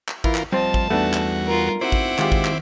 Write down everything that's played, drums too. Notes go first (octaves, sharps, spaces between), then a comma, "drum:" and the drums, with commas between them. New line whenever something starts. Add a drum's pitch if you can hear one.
drum: clap
E3 E4 F4 A#4, drum: kick A1
drum: clap
F3 G3 C4 C5 D5 D#5 A5
drum: kick A1
E2 G3 A3 B3 D4 D#4 F#4
drum: clap
F4 A#4
C4 D#4 E4 F#4 C5 F#5 D6
drum: kick A1
D#3 G#3 F4 G4, drum: clap
drum: kick A1
drum: clap